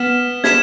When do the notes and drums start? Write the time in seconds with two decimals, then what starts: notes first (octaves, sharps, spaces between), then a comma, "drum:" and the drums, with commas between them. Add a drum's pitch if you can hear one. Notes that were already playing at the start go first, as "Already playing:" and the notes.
Already playing: B3 F6 B6 E7
0.44 G#6 B6 E7, drum: snare